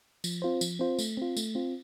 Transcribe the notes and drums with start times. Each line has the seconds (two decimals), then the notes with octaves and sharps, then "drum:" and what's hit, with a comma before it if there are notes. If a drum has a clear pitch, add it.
0.24 F3, drum: tambourine
0.42 C4 F4 C5
0.61 F3, drum: tambourine
0.79 C4 F4 C5
0.99 A3, drum: tambourine
1.17 C4 F4
1.37 A3, drum: tambourine
1.55 C4 F4